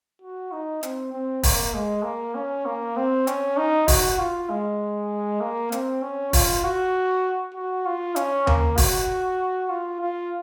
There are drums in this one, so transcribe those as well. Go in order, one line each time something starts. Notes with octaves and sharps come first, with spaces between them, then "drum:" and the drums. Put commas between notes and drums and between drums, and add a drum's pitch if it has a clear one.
F#4
D#4
C4, drum: hi-hat
C4
A#3, drum: kick, open hi-hat
G#3
A#3
C#4
A#3
C4
C#4, drum: hi-hat
D#4
F#4, drum: kick, open hi-hat
F4
G#3
A#3
C4, drum: hi-hat
C#4
F4, drum: kick, open hi-hat
F#4
F#4
F4
C#4, drum: hi-hat
A#3, drum: tom D#2
F#4, drum: kick, open hi-hat
F4
F4